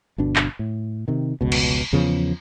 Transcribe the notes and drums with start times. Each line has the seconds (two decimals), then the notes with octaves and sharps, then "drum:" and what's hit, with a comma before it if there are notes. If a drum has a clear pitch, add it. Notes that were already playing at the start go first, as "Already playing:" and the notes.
0.18 G1 B2 D4
0.36 drum: clap
0.59 A2
1.08 C3 D#3
1.41 F1 C#2 B2
1.52 drum: cymbal
1.93 E2 C#3 F3 B3